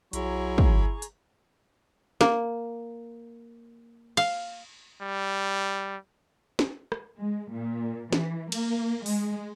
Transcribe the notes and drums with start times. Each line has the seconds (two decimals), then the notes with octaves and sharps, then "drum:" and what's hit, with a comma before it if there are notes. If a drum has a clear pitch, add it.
0.13 B1 F#3 E4 G#4 A#5 C#6, drum: hi-hat
0.58 drum: kick
1.02 drum: hi-hat
2.21 A#3, drum: snare
4.17 F5, drum: cymbal
5.02 G3
6.59 drum: snare
6.92 drum: rim click
7.20 G#3
7.54 A#2
8.13 E3, drum: snare
8.52 A#3, drum: cymbal
9.06 G#3, drum: open hi-hat